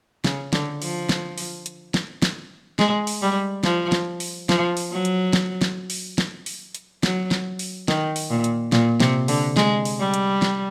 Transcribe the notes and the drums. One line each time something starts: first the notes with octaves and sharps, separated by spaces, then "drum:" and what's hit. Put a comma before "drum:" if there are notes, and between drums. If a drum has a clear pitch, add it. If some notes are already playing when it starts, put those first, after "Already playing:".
C#3, drum: snare
D3, drum: snare
F3, drum: open hi-hat
drum: snare
drum: open hi-hat
drum: hi-hat
drum: snare
drum: snare
G#3, drum: snare
drum: open hi-hat
G3
F3, drum: snare
drum: snare
drum: open hi-hat
F3, drum: snare
drum: open hi-hat
F#3
drum: hi-hat
drum: snare
drum: snare
drum: open hi-hat
drum: snare
drum: open hi-hat
drum: hi-hat
F#3, drum: snare
drum: snare
drum: open hi-hat
D#3, drum: snare
drum: open hi-hat
A#2
drum: hi-hat
A#2, drum: snare
C3, drum: snare
D3, drum: open hi-hat
G#3, drum: snare
drum: open hi-hat
G3
drum: hi-hat
drum: snare